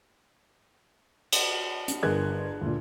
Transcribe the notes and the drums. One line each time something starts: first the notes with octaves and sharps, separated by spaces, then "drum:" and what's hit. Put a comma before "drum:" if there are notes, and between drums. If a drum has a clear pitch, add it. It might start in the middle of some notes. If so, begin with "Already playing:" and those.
drum: cymbal
drum: hi-hat
G1 G#4 A#4 F#6 G#6
D2 A#2